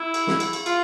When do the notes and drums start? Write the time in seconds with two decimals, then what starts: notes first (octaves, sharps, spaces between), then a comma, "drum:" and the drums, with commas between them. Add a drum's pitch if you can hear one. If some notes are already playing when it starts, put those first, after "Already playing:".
Already playing: E4
0.14 drum: cymbal
0.27 drum: snare
0.40 drum: cymbal
0.53 drum: cymbal
0.66 F4, drum: cymbal